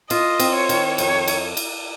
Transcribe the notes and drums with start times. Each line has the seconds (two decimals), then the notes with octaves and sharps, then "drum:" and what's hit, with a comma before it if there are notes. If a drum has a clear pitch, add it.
0.10 F4 D#5, drum: cymbal
0.40 C4, drum: cymbal
0.54 C#5
0.69 D#3, drum: cymbal
0.98 F2 C#5, drum: cymbal
1.28 drum: cymbal
1.57 drum: cymbal